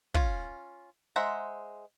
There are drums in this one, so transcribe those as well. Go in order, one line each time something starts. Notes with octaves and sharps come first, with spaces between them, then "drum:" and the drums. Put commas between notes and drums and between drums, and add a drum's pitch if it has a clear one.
C#4 F4, drum: kick
G#3 C5 E5 F#5 A#5